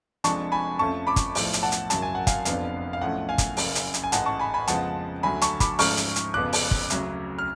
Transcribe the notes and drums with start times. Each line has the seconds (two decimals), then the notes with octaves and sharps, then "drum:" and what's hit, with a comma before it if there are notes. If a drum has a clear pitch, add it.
0.24 F1 F2 F3 G#3 D4 A5 C#6, drum: hi-hat
0.52 G#5 B5
0.79 F2 F3 A3 C#4 A5 C#6
1.07 B5 D6
1.16 drum: kick, hi-hat
1.35 B1 A2 F3, drum: open hi-hat
1.53 drum: hi-hat
1.63 F#5 A5
1.72 drum: hi-hat
1.90 G#1 F#2 C#3 F#3 A5, drum: hi-hat
2.02 G#5
2.15 F#5
2.27 F5 G#5, drum: kick, hi-hat
2.45 F1 F2 F3 B3 D4 F5, drum: hi-hat
2.93 F5
3.01 B1 A2 F3 A3 C#4 F#5
3.29 F5 G#5
3.38 drum: kick, hi-hat
3.57 F#1 F#2 C#3, drum: open hi-hat
3.75 drum: hi-hat
3.94 drum: hi-hat
4.04 G#5
4.12 A1 G#2 G#3 F#5 A5, drum: hi-hat
4.26 A5 C#6
4.39 G#5 B5
4.54 G#5 B5
4.68 F2 C#3 F3 G#3 B3 F#5 A5, drum: hi-hat
5.23 D2 D3 F#3 G#5 B5
5.42 A5 C#6, drum: hi-hat
5.60 B5 D6, drum: kick, hi-hat
5.79 G#2 F3 A3 C#4 C#6 F6, drum: open hi-hat
5.97 drum: hi-hat
6.16 drum: hi-hat
6.34 F1 F2 C#3 F3 B3 D6 F#6
6.53 drum: open hi-hat
6.71 drum: kick
6.90 D2 C#3 F#3 C#4, drum: hi-hat
7.39 F6